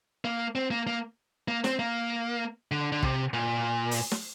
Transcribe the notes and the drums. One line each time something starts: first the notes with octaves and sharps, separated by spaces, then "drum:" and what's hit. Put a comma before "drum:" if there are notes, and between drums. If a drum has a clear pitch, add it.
A#3
C4
A#3
A#3
A#3
C4, drum: snare
A#3
D3
D3
C3, drum: kick
A#2
drum: open hi-hat
drum: snare